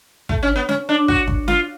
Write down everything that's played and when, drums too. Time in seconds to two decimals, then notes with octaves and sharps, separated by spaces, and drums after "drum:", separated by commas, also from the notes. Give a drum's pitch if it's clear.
0.29 A3, drum: kick
0.43 C#4
0.56 B3
0.69 C#4, drum: snare
0.89 D4
1.08 F#4, drum: kick
1.28 drum: kick
1.48 F4, drum: snare